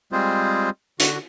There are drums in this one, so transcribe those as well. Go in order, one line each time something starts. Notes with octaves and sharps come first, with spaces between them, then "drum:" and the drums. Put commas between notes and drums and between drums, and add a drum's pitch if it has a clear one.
G3 G#3 C4 F4 G#4 C5
D3 F#4, drum: hi-hat